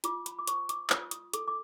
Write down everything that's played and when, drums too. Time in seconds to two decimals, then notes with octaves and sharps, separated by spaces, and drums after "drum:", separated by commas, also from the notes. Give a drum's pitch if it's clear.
0.04 F4 D6, drum: hi-hat
0.26 B5, drum: hi-hat
0.39 D6
0.47 C5 C#6, drum: hi-hat
0.69 D6, drum: hi-hat
0.90 F4 D#6, drum: clap
1.11 D#6, drum: hi-hat
1.34 A4 D6, drum: hi-hat
1.48 D6